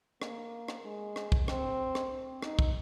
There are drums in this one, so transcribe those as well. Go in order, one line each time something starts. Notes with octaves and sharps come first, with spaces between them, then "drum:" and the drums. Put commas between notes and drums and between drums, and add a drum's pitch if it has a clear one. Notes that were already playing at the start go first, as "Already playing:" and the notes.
A#3, drum: rim click
drum: rim click
G#3
drum: rim click
drum: kick
C4, drum: rim click
drum: rim click
D#4, drum: rim click
drum: kick